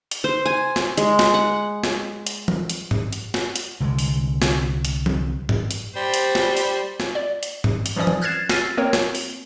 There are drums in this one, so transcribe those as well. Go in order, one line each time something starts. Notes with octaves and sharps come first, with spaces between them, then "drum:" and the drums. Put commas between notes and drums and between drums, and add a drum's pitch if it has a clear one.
drum: hi-hat
C5
G#5
drum: snare
G#3, drum: hi-hat
drum: snare
F#5
drum: snare
drum: hi-hat
drum: tom E3
drum: hi-hat
drum: tom G2
drum: hi-hat
drum: snare
drum: hi-hat
C2 D3 G3 G#3
drum: open hi-hat
drum: snare
drum: hi-hat
drum: tom E3
drum: tom G2
drum: hi-hat
G3 C5
drum: hi-hat
drum: snare
drum: open hi-hat
drum: snare
D5
drum: hi-hat
drum: tom G2
drum: hi-hat
E3 F3 C#4 D5 D#6
drum: tom E3
F6 F#6 G#6 A6 C7 E7
E6 F6 A6 A#6 C7 D#7, drum: snare
A#3 C4 A#4 C#5
drum: snare
drum: open hi-hat